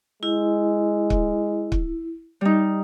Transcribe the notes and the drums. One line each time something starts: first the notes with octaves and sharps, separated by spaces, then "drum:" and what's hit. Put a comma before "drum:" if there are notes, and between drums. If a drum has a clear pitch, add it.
G#3 E4
drum: kick
drum: kick
G3 D#4